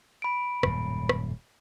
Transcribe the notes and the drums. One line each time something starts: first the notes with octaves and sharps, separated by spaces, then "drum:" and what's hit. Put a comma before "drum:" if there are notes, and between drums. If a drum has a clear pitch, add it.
B5 D7
D#1 F#2 A2, drum: rim click
drum: rim click